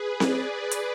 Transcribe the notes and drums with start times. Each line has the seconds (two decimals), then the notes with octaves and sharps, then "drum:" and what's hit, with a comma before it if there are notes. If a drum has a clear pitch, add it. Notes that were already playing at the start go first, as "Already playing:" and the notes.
Already playing: G#4 B4
0.20 D5, drum: snare C4
0.51 B4
0.71 drum: hi-hat